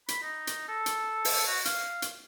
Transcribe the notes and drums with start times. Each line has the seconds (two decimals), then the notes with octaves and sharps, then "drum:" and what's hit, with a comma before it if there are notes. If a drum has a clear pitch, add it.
0.08 B5, drum: hi-hat
0.22 D#4
0.47 drum: hi-hat
0.68 A4
0.86 drum: hi-hat
1.25 drum: open hi-hat
1.47 F#4
1.65 F5, drum: hi-hat
2.02 drum: hi-hat